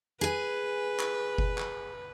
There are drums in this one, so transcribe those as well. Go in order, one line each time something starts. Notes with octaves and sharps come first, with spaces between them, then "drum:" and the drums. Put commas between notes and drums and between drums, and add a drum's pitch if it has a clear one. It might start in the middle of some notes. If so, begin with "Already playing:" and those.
G#4 B4 G#5
drum: clap
drum: kick F#1
drum: clap